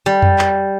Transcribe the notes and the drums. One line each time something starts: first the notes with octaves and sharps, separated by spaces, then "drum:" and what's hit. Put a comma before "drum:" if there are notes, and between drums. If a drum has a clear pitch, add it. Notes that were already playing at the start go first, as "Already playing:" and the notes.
G3
drum: tom F2
drum: clap